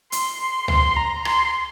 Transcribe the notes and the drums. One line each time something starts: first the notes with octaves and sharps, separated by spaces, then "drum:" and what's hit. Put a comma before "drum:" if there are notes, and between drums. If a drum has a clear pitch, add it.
C6, drum: hi-hat
C6
C6, drum: tom C#2
A#5
C6, drum: rim click